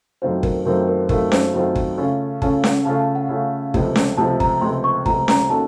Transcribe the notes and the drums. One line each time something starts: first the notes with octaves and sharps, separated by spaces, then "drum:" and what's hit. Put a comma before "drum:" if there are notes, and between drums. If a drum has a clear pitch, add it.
F#2 D#3 A3 C4 F4 C5
A#4, drum: kick
F#2 D#3 A3 C4 F4 A#4
A#4
F#2 D#3 A3 C4 F4 A#4, drum: kick
C5, drum: snare C#4
F#2 D#3 A3 C4 F4
drum: kick
C#3 A3 C#4 F4 A4
C#3 A3 C#4 F4 A4 A5, drum: kick
F#5, drum: snare C#4
C#3 A3 C#4 F4 A4 A5
A5
F#5
C#3 A3 C#4 F4 A4
C#2 C3 F3 A3, drum: kick
drum: snare C#4
C#2 C3 F3 A3 A5
A#5, drum: kick
C#2 C3 F3 A3 C6
C#6
C#2 C3 F3 A3 A#5, drum: kick
A#5, drum: snare C#4
D#3 A#3 C#4 F#4 A4 A5